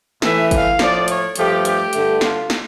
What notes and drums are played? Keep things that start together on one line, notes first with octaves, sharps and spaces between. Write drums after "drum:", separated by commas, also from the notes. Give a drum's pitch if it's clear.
A2 E3 A3 E5, drum: snare
F5, drum: kick G1, hi-hat
A2 F3 A3 D5, drum: snare
C#5, drum: hi-hat
G2 F3 A3 G4, drum: hi-hat
G4, drum: hi-hat
G2 D3 A3, drum: hi-hat
F4, drum: snare
drum: snare